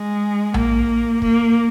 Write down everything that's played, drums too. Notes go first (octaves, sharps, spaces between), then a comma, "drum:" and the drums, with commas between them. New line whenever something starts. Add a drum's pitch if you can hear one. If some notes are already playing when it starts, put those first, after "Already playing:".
Already playing: G#3
A#3, drum: tom A#1
A#3, drum: kick